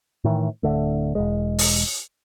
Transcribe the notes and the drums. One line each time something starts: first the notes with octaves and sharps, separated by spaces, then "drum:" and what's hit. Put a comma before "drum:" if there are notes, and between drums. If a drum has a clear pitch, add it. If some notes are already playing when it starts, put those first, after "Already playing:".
A2 D#3 E3
D1 D3 A3
E1 A#1 G#3
drum: open hi-hat